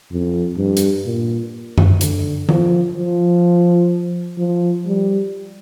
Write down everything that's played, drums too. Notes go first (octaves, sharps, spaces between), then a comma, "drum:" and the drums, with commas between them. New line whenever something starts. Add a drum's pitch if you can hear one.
F2
G2
drum: hi-hat
A#2
drum: tom F#2
D3, drum: hi-hat
F3, drum: tom D#3
F3
F3
G3